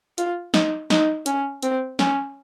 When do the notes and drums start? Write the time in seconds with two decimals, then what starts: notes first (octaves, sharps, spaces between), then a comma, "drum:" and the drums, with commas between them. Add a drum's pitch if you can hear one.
0.18 F4, drum: hi-hat
0.54 D#4, drum: snare
0.90 D#4, drum: snare
1.26 C#4, drum: hi-hat
1.63 C4, drum: hi-hat
1.99 C#4, drum: snare